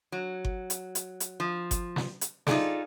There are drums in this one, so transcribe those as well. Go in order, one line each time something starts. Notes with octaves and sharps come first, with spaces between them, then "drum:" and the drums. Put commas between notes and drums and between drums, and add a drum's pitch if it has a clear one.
F#3
drum: kick G1
drum: hi-hat
drum: hi-hat
drum: hi-hat
F3
drum: kick G1, hi-hat
drum: snare
drum: hi-hat
D#4 F4 F#4 G#4 A4 D5, drum: snare